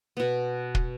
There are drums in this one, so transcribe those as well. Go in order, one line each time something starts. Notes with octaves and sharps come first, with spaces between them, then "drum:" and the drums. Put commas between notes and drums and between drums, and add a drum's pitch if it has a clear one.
B2 B3
drum: kick